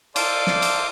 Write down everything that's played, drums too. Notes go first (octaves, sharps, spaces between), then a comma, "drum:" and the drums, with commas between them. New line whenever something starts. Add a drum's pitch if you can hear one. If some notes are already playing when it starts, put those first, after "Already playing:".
A4 C5 D5 F5 D6, drum: cymbal
drum: snare
drum: cymbal